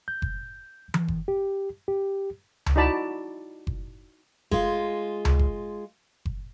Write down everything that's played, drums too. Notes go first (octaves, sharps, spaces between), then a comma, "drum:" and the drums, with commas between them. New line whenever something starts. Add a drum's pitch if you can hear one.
G6
drum: kick F#1
drum: tom E3
drum: kick F#1
G4
G4
drum: tom C#2
D#4 E4 F#4 D5 A5 B5
drum: kick F#1
G#3 F4, drum: kick F#1
drum: tom C#2
drum: kick F#1
drum: kick F#1